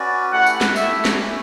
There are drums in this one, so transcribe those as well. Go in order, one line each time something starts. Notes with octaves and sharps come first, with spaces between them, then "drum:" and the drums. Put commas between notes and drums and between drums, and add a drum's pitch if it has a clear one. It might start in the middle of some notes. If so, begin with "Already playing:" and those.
Already playing: C#4 F#4 B4 D5
A3 E4 G4 B4 F#5
drum: tambourine
drum: snare
A3 E4 G4 E5, drum: tambourine
drum: snare
C#4 G4 B4 E5